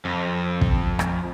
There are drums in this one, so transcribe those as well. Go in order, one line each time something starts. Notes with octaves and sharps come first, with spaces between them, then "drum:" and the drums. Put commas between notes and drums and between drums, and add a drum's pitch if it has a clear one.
F2
drum: kick
drum: rim click